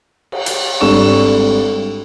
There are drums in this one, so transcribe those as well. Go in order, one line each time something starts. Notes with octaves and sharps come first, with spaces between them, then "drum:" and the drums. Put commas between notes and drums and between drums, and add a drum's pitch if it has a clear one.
drum: cymbal
drum: hi-hat
G#1 G3 D4 A4 C#6 E7